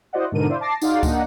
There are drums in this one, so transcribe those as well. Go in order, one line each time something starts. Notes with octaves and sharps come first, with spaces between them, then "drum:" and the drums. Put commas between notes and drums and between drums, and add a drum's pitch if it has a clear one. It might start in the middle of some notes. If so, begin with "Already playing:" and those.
E4 F#4 C5 D5 D#5 F#5
G#2 B2 D3 D4 A#4 D#7
E4 C5 D5 E5 F5
A5 D6 A6 A#6 C7
D#4 F#4 G#4 D5 F5 C6, drum: tambourine
A#3 D4 D#4 F#5, drum: kick C#2, tambourine